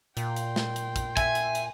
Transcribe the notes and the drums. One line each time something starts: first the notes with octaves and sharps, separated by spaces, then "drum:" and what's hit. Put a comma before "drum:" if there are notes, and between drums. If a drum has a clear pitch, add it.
A#2 G5 C6, drum: hi-hat
drum: hi-hat
drum: snare
drum: hi-hat
drum: kick, hi-hat
E5 G#5, drum: kick, hi-hat
drum: hi-hat
drum: hi-hat